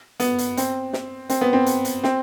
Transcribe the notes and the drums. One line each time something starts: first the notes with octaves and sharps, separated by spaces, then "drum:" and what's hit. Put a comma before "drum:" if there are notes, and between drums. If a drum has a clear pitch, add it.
B3, drum: hi-hat
drum: hi-hat
C4, drum: hi-hat
drum: snare
C4, drum: hi-hat
B3
C4
drum: hi-hat
drum: hi-hat
C4, drum: snare